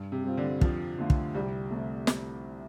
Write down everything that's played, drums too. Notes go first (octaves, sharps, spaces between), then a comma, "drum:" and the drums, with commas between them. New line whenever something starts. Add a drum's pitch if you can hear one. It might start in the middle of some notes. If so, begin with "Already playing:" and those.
Already playing: G2
C3
G3 C4 F4
D3
F2 F3, drum: kick
D3 A3 F4
drum: kick
C2 G3
C3 A3
drum: snare